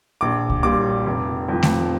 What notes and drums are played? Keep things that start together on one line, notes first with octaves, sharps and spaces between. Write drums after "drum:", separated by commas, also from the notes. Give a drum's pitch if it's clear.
A#1 D6
drum: kick C2
A#2 G3 D6
F1
F2 F3
drum: snare A3